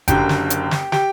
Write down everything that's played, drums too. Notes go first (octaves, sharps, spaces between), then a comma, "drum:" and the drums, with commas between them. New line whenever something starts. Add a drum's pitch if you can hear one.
F#1 F#2 D3 G4 G5, drum: kick G1, hi-hat
drum: snare
drum: hi-hat
drum: snare
G4 G5, drum: snare